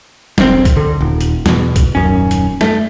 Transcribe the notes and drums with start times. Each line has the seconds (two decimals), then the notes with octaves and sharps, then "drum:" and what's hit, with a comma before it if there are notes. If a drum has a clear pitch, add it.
0.38 E1 B1 G#2 C4, drum: snare
0.65 drum: kick B1, hi-hat
0.77 D3
1.01 D#1
1.21 drum: hi-hat
1.46 E2 B2, drum: snare
1.76 drum: kick B1, hi-hat
1.95 D#1 F#2 C#4
2.31 drum: hi-hat
2.61 A3, drum: snare